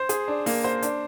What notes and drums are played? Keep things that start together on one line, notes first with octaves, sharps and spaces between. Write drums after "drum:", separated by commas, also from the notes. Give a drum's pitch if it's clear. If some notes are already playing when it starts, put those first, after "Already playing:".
Already playing: C5
G#4, drum: hi-hat
D4
A#3, drum: open hi-hat
C5
D4, drum: hi-hat